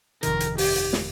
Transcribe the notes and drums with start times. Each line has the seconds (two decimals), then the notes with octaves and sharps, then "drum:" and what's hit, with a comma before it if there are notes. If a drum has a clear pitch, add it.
0.23 G1 F2 C3 D#3 A#4, drum: hi-hat
0.40 drum: hi-hat
0.58 G4, drum: open hi-hat
0.75 drum: hi-hat
0.93 drum: snare